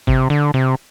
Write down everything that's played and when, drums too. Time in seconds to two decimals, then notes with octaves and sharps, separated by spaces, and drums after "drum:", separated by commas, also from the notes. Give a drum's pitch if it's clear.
0.07 C3, drum: kick G1
0.30 D3
0.54 C3